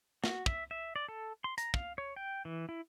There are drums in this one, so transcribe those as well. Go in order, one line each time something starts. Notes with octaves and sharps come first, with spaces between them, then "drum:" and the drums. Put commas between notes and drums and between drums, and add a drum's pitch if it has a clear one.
F#4, drum: snare
E5, drum: kick
E5
D5
A4
C6
A#5, drum: hi-hat
F5, drum: kick
C#5
G5
E3
E4